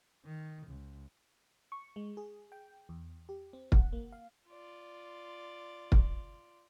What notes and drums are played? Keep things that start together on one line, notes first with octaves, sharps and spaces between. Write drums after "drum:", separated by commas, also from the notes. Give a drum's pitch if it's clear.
D#3
C#2
C#6
G#3
G#4
G5
E2
G4
C4
F#5, drum: kick
A#3
F5
F4 D5
drum: kick